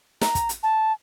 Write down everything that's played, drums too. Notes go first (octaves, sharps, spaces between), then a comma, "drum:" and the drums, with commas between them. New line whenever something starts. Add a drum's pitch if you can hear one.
A#5, drum: snare
drum: kick, hi-hat
drum: hi-hat
A5